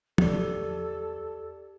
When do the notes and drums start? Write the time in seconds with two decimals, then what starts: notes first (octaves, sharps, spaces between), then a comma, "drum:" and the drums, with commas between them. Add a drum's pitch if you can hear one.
0.18 E2 G4 A4 D5, drum: tom